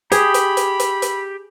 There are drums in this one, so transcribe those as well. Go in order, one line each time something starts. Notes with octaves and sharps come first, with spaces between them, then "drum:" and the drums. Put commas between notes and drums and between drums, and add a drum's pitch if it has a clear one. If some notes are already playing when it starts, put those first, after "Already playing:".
G4 G#4 B5, drum: hi-hat
drum: hi-hat
drum: hi-hat
drum: hi-hat
drum: hi-hat